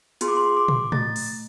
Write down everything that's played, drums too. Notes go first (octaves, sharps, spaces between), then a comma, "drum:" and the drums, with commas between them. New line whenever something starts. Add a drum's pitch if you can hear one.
B3 F4 G#4 C6, drum: hi-hat
D6
C6
D6
drum: tom
A3 A6, drum: tom
drum: open hi-hat